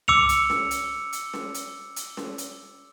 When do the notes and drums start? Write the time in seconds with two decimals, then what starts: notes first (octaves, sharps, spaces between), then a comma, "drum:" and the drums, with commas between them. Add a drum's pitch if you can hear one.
0.08 D6 E6 C#7 F7, drum: tom C2
0.29 drum: hi-hat
0.50 drum: snare C#4
0.71 drum: hi-hat
1.13 drum: hi-hat
1.33 drum: snare C#4
1.54 drum: hi-hat
1.96 drum: hi-hat
2.17 drum: snare C#4
2.38 drum: hi-hat